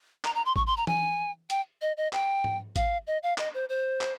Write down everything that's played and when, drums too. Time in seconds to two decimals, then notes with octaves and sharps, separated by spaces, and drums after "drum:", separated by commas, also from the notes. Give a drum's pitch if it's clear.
0.25 A#5, drum: clap
0.35 A#5
0.46 C6
0.56 C#6, drum: kick
0.67 C6
0.77 A#5
0.87 G#5, drum: tom E3
1.50 G5, drum: hi-hat
1.82 D#5
1.97 D#5
2.13 G5, drum: clap
2.44 drum: tom G#2
2.76 F5, drum: kick, hi-hat
3.07 D#5
3.23 F5
3.38 D#5, drum: clap
3.54 C5
3.69 C5
4.01 drum: clap